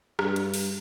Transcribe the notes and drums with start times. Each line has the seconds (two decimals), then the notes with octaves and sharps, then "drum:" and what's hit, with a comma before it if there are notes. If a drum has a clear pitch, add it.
0.19 G2, drum: rim click
0.36 drum: hi-hat
0.54 drum: open hi-hat